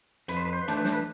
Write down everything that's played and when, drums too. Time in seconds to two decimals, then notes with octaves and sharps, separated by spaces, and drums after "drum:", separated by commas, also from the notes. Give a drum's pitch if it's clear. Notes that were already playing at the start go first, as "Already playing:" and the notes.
0.28 F2 B4, drum: hi-hat
0.37 C5
0.45 B4
0.53 C5
0.61 B4
0.68 E3 A3 D4 C5, drum: hi-hat
0.77 B4
0.85 C5, drum: snare
0.92 B4